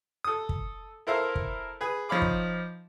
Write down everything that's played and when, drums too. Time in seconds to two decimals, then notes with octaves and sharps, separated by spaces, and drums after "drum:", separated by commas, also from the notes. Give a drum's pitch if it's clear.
0.24 A4 D#6
0.49 drum: kick
1.07 E4 A4 A#4 C5 E5 F5
1.35 drum: kick
1.81 G#4 B4
2.09 F3 D#4 C#5 F5 B5 D6
2.22 drum: kick